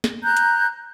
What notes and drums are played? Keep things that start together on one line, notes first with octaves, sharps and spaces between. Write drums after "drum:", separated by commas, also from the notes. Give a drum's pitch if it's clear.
drum: snare
A#5 F#6 G6
drum: hi-hat